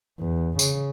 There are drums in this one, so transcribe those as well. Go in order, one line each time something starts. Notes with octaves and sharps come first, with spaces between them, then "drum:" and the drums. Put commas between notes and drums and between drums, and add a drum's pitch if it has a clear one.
E2
C#3, drum: tambourine